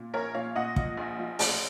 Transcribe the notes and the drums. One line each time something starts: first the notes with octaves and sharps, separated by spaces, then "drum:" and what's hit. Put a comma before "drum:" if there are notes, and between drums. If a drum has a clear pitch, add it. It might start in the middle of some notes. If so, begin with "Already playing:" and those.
Already playing: A#2
A#1 A#4 C#5
A#2 C#5 F5
A#2 D#5 F#5
F3, drum: kick
A#1
F3
A1, drum: open hi-hat